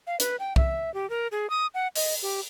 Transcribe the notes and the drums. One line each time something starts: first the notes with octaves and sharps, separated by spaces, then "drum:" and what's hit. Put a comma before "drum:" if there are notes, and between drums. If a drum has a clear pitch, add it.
F5
B4, drum: hi-hat
G5
E5, drum: kick
G4
A#4
G#4
D#6
F#5
D#5, drum: open hi-hat
G4